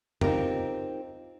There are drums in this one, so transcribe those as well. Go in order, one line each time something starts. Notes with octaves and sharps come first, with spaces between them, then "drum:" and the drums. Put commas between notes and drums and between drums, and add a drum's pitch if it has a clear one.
C4 D#4 F4 G4 A#4, drum: tom F2